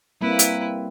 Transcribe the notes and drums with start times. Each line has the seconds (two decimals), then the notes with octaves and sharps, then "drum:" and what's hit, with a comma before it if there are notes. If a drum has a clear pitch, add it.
0.21 G3 A#3 C4 E4 B4
0.39 drum: hi-hat